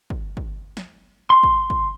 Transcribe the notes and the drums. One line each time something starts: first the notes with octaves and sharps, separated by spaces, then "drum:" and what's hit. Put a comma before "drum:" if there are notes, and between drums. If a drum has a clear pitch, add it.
drum: kick
drum: kick
drum: snare
C6
drum: kick
drum: kick